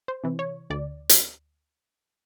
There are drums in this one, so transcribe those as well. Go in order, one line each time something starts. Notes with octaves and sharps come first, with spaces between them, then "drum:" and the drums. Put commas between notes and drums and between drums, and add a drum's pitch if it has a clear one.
C5
C3 E3
C#5
D2 D5
drum: hi-hat